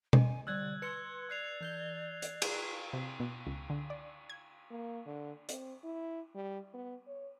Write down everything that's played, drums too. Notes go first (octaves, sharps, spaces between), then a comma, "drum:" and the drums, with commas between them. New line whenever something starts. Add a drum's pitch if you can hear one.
D#5 G#5, drum: tom B2
D3 G3 D5 E6 F#6 G#6
B4 C6 C#7
D5 F#6 C7 F7
E3 G6 G7
drum: hi-hat
drum: cymbal
C3
B2
C#2
D3
D5
G#6
A#3
D3
C4, drum: hi-hat
E4
G3
B3
C#5